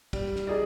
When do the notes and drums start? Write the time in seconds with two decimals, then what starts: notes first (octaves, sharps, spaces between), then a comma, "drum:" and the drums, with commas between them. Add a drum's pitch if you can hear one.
0.13 G3, drum: kick, cymbal
0.36 drum: snare
0.47 D#4 G#4 D5